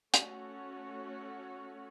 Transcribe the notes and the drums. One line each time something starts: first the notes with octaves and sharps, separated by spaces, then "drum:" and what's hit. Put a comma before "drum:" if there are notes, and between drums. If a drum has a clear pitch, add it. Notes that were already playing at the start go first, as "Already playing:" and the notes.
A3 C#4 F#4 C#5, drum: hi-hat